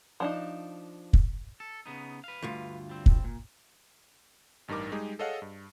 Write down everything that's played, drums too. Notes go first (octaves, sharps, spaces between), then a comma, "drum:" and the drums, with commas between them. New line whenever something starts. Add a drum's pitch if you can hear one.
F3 D4 D#4
drum: kick
A4
C#3 B3 D#4
B4 F5
D2 G2 F4
G3 C4
drum: kick
A#2
A1 G2 D#4 A#4 D6
G3 G#3 D#4 G4 G#4
G#4 A4 C#5 D#5 F5 F#5
G2